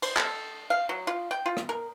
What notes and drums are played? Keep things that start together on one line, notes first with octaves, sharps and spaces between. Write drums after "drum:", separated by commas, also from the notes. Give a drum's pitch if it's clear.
C5, drum: cymbal
A4, drum: clap
F5
F#3
F4
G5
F4
drum: rim click
A#4